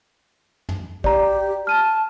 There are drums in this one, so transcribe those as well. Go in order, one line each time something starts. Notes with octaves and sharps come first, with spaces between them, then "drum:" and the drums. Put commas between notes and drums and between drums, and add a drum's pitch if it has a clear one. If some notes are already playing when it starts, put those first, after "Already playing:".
drum: tom
G4 D5 A#5, drum: kick
A5 F6 D#7